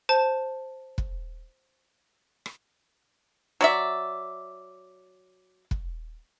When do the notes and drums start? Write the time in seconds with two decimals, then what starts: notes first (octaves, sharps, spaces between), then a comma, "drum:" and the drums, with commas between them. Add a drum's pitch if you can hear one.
0.09 C5 A5
0.98 drum: kick
2.46 drum: rim click
3.61 F#3 D5 E5
5.71 drum: kick